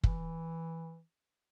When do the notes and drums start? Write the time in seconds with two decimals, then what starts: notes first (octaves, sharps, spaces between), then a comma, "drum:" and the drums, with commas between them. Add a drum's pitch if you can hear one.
0.04 E3, drum: kick